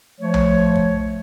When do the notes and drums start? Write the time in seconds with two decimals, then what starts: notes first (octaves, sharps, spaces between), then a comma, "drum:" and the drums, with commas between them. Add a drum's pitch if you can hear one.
0.20 F3 A3 C#5
0.34 drum: tom B1
0.75 drum: kick